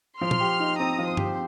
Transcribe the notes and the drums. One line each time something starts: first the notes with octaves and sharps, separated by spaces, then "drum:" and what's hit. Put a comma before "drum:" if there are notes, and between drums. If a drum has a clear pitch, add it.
F3 C6 F6
drum: tom A#2
G4
D#4
C4 A#5 D#6
F3
C5
G4, drum: tom G2